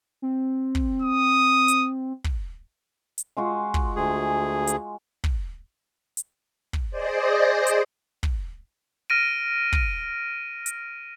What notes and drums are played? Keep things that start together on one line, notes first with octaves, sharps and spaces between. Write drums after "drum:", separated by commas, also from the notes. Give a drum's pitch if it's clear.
C4
drum: kick
D#6
drum: hi-hat
drum: kick
drum: hi-hat
G#3 F4 F#4
drum: kick
D2 G#4
drum: hi-hat
drum: kick
drum: hi-hat
drum: kick
G#4 C5 D5 D#5
drum: hi-hat
drum: kick
F6 A#6 D7 D#7
drum: kick
drum: hi-hat